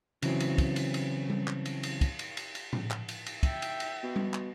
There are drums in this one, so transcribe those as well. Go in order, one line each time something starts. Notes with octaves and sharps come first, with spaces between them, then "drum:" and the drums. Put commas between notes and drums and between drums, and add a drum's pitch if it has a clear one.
C#3 E3 F#3 C4, drum: cymbal
drum: cymbal
drum: kick, cymbal
drum: cymbal
drum: cymbal
drum: tom G3
drum: clap
drum: cymbal
drum: cymbal
drum: kick, cymbal
drum: cymbal
drum: cymbal
drum: cymbal
drum: tom A2
drum: clap
drum: cymbal
drum: cymbal
E5 G5, drum: kick, cymbal
drum: cymbal
drum: cymbal
B2
drum: tom G3
drum: clap